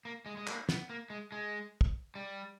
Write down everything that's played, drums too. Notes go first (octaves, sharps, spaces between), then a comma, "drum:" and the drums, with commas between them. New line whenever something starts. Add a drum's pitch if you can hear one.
A#3
G#3
G#3
A#3, drum: clap
B3, drum: snare
A#3
G#3
G#3
drum: kick
G3